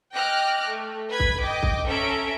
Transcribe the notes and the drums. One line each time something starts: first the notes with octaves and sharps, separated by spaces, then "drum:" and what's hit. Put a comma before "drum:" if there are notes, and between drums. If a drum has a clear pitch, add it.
D#5 G5 D6 F6 F#6 A#6
A3
B4 B5 G#6
drum: kick C2
D#5 G5 D6
drum: kick C2
C#4 A4 E5 A#5 D7